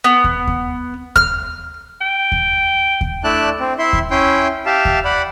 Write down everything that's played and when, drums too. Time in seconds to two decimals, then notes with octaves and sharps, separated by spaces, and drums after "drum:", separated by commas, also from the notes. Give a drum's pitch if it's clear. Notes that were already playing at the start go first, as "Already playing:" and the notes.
0.04 B3
0.24 drum: kick D#2
0.47 drum: kick D#2
1.16 F6, drum: kick D#2
2.01 G5
2.32 drum: kick D#2
3.01 drum: kick D#2
3.24 A3 D4 E4 D5 A5 F#6
3.60 C4
3.79 E4 E5 C6
3.93 drum: kick D#2
4.11 C#4 E4 G5 C6
4.66 G4 E5 F5 A5
4.85 drum: kick D#2
5.05 D5 F#5 B5